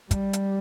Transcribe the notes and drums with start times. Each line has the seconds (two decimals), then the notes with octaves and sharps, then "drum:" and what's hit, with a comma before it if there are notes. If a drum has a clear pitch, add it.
0.11 G3, drum: kick, hi-hat
0.33 drum: hi-hat